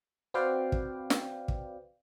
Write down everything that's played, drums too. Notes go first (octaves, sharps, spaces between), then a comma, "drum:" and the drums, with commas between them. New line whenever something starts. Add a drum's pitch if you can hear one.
C4 F#4 B4 D5 F5 G5
drum: kick
drum: snare
drum: kick